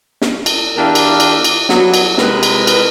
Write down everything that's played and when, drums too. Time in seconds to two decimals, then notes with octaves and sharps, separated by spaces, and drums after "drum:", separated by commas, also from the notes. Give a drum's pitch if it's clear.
0.22 drum: snare
0.46 drum: cymbal
0.77 E2 D4 E4 G4 A#4 F5
0.95 drum: cymbal
1.20 drum: cymbal
1.44 drum: cymbal
1.69 F#3 G3 B3, drum: snare
1.94 drum: cymbal
2.18 C3 G#3 A#4 B4, drum: snare
2.43 drum: cymbal
2.67 drum: cymbal